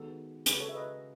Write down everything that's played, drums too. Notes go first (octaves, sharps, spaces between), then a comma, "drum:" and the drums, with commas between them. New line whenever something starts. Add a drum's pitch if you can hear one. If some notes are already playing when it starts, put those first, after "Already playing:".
Already playing: D#3 G#3 B3 F#4 A4
C#3 G#3 C#4 F#4 B4, drum: hi-hat
A4 C#5
E5
B4 D#5